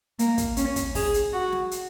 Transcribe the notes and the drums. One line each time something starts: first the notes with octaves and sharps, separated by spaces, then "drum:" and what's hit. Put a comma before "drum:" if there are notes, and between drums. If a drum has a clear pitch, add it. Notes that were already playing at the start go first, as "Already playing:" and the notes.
A#3, drum: hi-hat
drum: kick, hi-hat
C#4, drum: hi-hat
drum: kick, hi-hat
G#4, drum: kick, open hi-hat
drum: hi-hat
F#4
drum: snare
drum: hi-hat